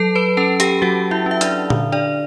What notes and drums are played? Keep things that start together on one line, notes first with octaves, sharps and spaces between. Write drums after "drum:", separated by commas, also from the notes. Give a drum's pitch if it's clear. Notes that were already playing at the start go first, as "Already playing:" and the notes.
Already playing: F#3 A4 A5
B4 B5
C#4 A4 A5
G4 G5, drum: hi-hat
F#3 F#4 F#5
E4 E5
C#4 E5
D4 D5, drum: hi-hat
D3, drum: tom A#2
D4 D5